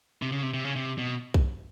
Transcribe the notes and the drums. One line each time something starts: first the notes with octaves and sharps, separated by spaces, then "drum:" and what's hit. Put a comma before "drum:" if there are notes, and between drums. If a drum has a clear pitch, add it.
C3
C#3
C3
C3
C#3
C3
B2
drum: kick